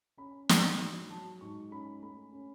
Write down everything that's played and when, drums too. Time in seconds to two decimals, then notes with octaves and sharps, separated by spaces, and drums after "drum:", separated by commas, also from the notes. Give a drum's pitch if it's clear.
0.18 C#4 B5
0.49 G#2, drum: snare
0.80 F#3
1.10 F#3 A5
1.41 G#2 C#6
1.71 C#4 B5
2.02 A3 B5
2.33 C#4